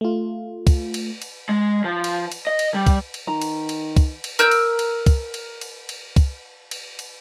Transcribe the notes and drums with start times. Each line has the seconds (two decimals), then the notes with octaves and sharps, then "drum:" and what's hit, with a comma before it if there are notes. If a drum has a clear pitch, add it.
0.01 A3 F4
0.67 drum: kick, cymbal
0.94 drum: cymbal
1.22 drum: cymbal
1.49 G#3
1.84 F3
2.04 drum: cymbal
2.32 drum: cymbal
2.47 D#5
2.59 drum: cymbal
2.74 G3
2.87 drum: kick, cymbal
3.14 drum: cymbal
3.27 D#3 A#5
3.42 drum: cymbal
3.69 drum: cymbal
3.96 drum: kick, cymbal
4.24 drum: cymbal
4.39 A#4 E6 G6
4.51 drum: cymbal
4.79 drum: cymbal
5.06 drum: kick, cymbal
5.34 drum: cymbal
5.61 drum: cymbal
5.89 drum: cymbal
6.16 drum: kick, cymbal
6.71 drum: cymbal
6.99 drum: cymbal